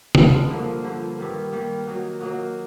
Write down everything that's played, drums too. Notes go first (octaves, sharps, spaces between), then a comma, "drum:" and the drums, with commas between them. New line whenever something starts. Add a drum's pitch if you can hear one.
G#3 B3 D4 F4, drum: tom
G2 D3 F3 A#3
G2 D3 F3 A#3
G2 D#3 G3 A#3
G2 D#3 G3 A#3
F#3 A#3 D#4 F#4
F#3 A#3 D#4 F#4